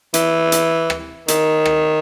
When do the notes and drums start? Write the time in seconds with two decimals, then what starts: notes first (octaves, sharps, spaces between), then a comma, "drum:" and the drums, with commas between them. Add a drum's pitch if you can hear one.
0.14 E3, drum: hi-hat
0.52 drum: hi-hat
0.90 drum: rim click
1.28 D#3, drum: hi-hat
1.65 drum: rim click